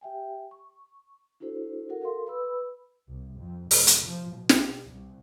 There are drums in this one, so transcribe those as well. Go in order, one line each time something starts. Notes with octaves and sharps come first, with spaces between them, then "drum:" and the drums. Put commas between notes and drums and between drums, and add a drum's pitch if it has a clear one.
G4 E5 G5 G#5
C#6
D4 E4 F#4 A4 C5
F#4 A4 A#4 F#5
A4 A#4 F5 C6
B4 B5 E6
C2
F2
F1, drum: open hi-hat
drum: hi-hat
F3
B2
drum: snare
C2